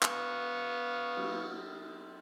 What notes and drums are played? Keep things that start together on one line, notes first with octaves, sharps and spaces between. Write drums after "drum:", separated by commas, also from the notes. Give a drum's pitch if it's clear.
B3 F5 C#6, drum: clap
drum: cymbal